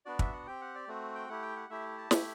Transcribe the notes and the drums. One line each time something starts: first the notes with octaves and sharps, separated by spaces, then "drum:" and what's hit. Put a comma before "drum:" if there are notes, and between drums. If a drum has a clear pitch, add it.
B3 D4 F#4 D5
E5, drum: kick
F#5
C4 G4 G5
F#5
D5
A3 C4 F#4
G5
A3 E4 G4 F#5
G5
F#5
A3 E4 G4 E5
A5
A3 E4 G4 B5, drum: snare